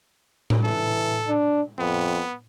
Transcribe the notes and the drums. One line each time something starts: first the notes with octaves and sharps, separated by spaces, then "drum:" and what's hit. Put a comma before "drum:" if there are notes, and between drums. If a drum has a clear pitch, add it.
drum: tom A2
E3 A4
D4
F2 B3